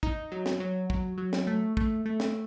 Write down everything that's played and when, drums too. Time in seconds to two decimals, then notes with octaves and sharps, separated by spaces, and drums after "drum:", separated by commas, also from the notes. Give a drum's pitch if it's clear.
0.03 D#4, drum: kick
0.32 F#3
0.46 drum: snare
0.60 F#3
0.90 F#3, drum: kick
1.18 F#3
1.33 drum: snare
1.47 A3
1.77 A3, drum: kick
2.06 A3
2.20 drum: snare